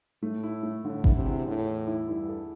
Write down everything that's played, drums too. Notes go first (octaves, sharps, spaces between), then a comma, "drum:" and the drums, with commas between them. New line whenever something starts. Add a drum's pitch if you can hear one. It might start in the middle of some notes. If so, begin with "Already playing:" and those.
A2 A3
E4
A3
A2 D3
E4, drum: kick G#1
C3
E2
A2 A4
E3
E4
G2 E4
A4